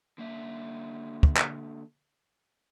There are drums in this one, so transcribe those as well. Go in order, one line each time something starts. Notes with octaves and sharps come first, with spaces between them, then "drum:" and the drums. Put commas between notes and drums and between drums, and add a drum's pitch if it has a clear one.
D3 A#3 E5
drum: kick
drum: clap